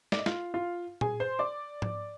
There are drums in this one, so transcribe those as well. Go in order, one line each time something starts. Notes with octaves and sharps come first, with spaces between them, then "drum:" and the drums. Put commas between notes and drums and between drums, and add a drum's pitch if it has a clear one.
D5, drum: snare
D#5
F4 F5, drum: snare
F4 F5
G#4 G#5, drum: tom A#2
C5 C6
D5 D6
drum: tom G#2